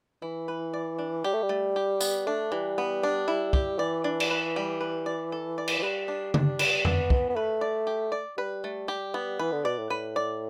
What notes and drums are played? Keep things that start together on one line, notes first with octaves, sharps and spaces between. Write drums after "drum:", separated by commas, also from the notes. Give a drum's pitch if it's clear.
E3 E4
B4
D5
D4
G3 G4
A3
G3
A3
G4
B3, drum: tambourine
A3 D4
E3 G3
B3
D4
E4
G4, drum: kick
E3 D5
D4
drum: cymbal
B4
G3
B4
D5
A4
D5
drum: cymbal
E3
G3 B4
D4
D4, drum: tom C#3
B4, drum: cymbal
B3 D4, drum: tom F2
E3, drum: kick
B3
A3 B4
D5
G4
D5
G3 B4
A3
G4
B3
E3 B4
D3
B2 D5
A2
A2 B4
D5